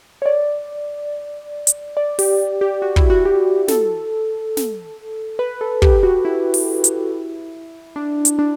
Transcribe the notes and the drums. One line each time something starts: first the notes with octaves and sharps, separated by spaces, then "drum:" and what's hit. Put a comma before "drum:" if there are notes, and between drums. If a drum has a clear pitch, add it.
C#5
D5
drum: hi-hat
D5
G4, drum: open hi-hat
G4
F#4
E4, drum: kick
F#4
G4
A4, drum: snare
drum: snare
B4
A4
G4, drum: kick
F#4
E4
drum: open hi-hat
drum: hi-hat
D4
drum: hi-hat
D4